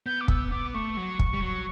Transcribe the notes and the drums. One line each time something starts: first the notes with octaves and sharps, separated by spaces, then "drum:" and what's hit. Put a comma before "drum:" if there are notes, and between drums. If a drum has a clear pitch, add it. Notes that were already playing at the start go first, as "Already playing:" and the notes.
B3 G6
D6
B3 E6, drum: kick
B3 D6
A3 C#6
F#3
drum: kick
G3
F#3